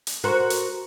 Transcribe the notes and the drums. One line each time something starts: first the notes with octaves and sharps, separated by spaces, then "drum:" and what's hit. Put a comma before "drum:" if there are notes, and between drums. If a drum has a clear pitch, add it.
drum: hi-hat
F#4 A#4 C5
drum: hi-hat